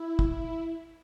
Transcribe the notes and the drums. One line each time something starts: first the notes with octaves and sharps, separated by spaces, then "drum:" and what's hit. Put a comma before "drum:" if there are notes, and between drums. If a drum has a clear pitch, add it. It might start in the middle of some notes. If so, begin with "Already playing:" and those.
Already playing: E4
drum: kick